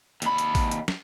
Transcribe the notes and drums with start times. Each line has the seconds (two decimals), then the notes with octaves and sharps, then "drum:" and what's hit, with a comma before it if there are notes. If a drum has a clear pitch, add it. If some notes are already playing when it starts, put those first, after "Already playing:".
0.22 D#2 B5, drum: hi-hat
0.38 drum: hi-hat
0.55 drum: kick, open hi-hat
0.71 drum: hi-hat
0.88 drum: snare